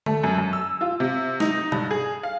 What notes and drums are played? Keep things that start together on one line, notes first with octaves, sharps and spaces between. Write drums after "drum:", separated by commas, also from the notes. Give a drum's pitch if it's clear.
A3, drum: tom D3
F#2
F#2
E6
F4
C3
D#4, drum: snare
G2, drum: tom B2
G#4
F5